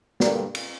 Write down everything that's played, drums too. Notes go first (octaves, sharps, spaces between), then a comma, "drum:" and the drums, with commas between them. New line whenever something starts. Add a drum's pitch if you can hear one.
G2 D3 G3 A#3 A#4 D5, drum: snare
drum: cymbal